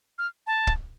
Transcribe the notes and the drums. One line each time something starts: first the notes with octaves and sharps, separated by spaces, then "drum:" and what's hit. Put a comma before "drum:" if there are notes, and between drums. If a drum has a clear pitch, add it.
F6
A5
drum: kick